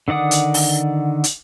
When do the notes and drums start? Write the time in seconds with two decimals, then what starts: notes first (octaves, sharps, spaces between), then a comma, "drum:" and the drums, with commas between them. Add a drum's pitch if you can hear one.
0.08 D3 D#3 D5 F#5 D#6
0.31 drum: hi-hat
0.54 drum: open hi-hat
1.24 drum: hi-hat